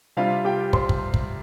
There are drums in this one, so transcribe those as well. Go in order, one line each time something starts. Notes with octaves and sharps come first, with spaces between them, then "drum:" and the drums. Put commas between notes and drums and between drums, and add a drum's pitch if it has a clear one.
C3 G3 D4 F4 F5
G4 G5
C5 C6, drum: kick
drum: kick
drum: kick